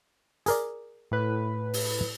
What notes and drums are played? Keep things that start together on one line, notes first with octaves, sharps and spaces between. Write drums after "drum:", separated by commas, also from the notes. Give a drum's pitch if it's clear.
G#4 A#4 D5, drum: hi-hat
A2 B4
drum: open hi-hat